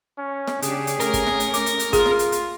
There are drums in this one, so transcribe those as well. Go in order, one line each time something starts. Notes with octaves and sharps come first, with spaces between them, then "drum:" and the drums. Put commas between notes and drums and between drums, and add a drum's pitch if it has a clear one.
C#4
drum: snare
C#3 D4 G4 G#4, drum: hi-hat
drum: hi-hat
A3 C#4 A#4, drum: hi-hat
drum: kick, hi-hat
drum: snare
drum: hi-hat
D6, drum: hi-hat
drum: hi-hat
drum: hi-hat
F4 G#4, drum: kick, hi-hat
drum: snare
drum: hi-hat
drum: hi-hat